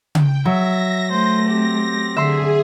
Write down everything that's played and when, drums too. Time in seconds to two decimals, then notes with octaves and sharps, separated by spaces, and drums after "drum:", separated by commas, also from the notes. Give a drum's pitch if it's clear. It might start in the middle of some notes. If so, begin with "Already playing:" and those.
0.15 G5, drum: tom C#3
0.45 F#3 E5 A#6
1.11 A3 C5
1.49 C4 G4
2.16 D3 G#4 E5 C6